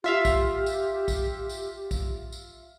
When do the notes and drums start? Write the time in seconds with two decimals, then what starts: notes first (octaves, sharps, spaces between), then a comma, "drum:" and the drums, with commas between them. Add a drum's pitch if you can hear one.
0.04 F4 G4 E5 F5
0.25 drum: kick, tambourine
0.66 drum: tambourine
1.08 drum: kick, tambourine
1.49 drum: tambourine
1.91 drum: kick, tambourine
2.32 drum: tambourine